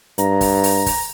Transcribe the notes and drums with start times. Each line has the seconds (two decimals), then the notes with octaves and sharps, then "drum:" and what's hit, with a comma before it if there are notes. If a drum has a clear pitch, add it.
0.18 G2 A#5, drum: hi-hat
0.41 drum: kick, open hi-hat
0.63 drum: open hi-hat
0.86 drum: kick, open hi-hat